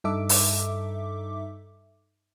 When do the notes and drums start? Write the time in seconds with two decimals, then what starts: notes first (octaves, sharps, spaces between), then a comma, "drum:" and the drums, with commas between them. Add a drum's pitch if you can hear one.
0.04 G2 D#4 A4 E5 D6
0.29 drum: open hi-hat